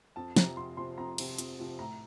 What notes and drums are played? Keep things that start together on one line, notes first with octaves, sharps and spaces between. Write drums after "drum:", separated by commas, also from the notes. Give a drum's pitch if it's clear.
F2 A5
C3 F3 A#5, drum: snare
F2 C6
C3 F3 C6
F2 A#5
C3 F3, drum: cymbal
F2, drum: hi-hat
C3 F3
A2 A#5